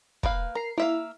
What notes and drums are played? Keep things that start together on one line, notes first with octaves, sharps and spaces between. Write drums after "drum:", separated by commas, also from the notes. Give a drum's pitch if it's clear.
A#3 B4 F5, drum: kick
A#4 A#5 C7
A#3 E4 E5 F5